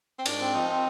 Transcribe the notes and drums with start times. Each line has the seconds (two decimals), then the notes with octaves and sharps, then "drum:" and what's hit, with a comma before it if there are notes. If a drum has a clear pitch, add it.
0.19 C4
0.26 G#2 D4, drum: cymbal
0.40 C4
0.54 F3 D#4
0.69 C4